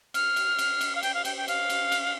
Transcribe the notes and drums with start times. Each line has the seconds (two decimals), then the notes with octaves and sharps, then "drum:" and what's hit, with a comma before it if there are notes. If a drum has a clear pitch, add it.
0.14 F6, drum: cymbal
0.36 drum: cymbal
0.59 drum: cymbal
0.81 drum: cymbal
0.95 F5
1.03 G5, drum: cymbal
1.14 F5
1.25 G5, drum: cymbal
1.37 G5
1.48 F5, drum: cymbal
1.69 drum: cymbal
1.92 drum: cymbal